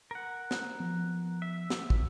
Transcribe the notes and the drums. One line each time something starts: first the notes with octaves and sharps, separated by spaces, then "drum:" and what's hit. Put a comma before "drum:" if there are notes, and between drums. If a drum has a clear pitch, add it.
A#4 F#5
drum: snare
F3 B3
E5
drum: snare
drum: kick